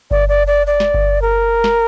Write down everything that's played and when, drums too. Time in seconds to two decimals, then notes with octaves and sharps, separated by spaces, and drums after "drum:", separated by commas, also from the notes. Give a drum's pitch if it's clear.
0.11 D5, drum: kick G1
0.29 D5
0.47 D5
0.67 D5
0.80 drum: snare
0.94 drum: kick G1
1.22 A#4
1.64 drum: snare